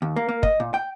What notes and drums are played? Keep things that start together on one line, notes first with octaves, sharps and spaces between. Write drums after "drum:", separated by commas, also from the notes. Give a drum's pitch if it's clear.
D#2
A#3
A#3
D#5, drum: kick
A#2
G5